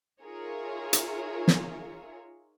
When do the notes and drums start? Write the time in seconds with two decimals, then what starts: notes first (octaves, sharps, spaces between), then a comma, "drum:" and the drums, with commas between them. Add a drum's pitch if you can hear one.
0.23 D#4 F4 G#4 A#4 C#5 E5
0.93 drum: hi-hat
1.48 drum: snare